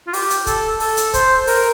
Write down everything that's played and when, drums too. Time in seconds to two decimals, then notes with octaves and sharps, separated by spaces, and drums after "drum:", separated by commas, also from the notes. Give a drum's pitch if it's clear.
0.07 F4
0.13 G4, drum: open hi-hat
0.30 drum: hi-hat
0.47 A4, drum: kick, hi-hat
0.80 A4, drum: open hi-hat
0.97 drum: hi-hat
1.14 C5, drum: kick, hi-hat
1.47 A#4, drum: open hi-hat